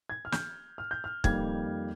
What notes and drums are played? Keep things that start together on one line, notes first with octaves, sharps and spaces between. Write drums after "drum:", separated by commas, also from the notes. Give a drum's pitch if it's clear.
G#6
F6
G6, drum: snare
F6
G6
F6
F2 D#3 G3 A#3 G#6, drum: kick